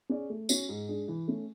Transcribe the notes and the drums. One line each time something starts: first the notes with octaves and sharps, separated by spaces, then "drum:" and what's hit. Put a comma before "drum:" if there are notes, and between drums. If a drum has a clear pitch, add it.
C#4 G#4 D5
A3
C#4 F#4 C#5, drum: tambourine
G#2
G#3 D4 G#4
E3
A3 C#4